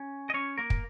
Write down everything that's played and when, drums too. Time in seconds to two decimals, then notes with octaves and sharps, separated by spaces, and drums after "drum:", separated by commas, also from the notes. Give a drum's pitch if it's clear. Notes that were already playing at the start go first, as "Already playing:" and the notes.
Already playing: C#4
0.30 D#5
0.34 C#4 C#5
0.58 A#3 A#4
0.70 drum: kick